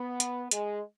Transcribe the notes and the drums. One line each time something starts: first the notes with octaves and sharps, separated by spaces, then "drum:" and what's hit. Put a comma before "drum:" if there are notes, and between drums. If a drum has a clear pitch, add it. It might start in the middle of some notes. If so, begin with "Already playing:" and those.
Already playing: B3
drum: hi-hat
G#3, drum: hi-hat